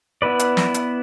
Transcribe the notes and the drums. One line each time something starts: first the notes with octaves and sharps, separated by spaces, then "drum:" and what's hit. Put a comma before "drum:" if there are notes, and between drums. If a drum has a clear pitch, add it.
B3 E4 B4 D5
drum: hi-hat
drum: snare
drum: hi-hat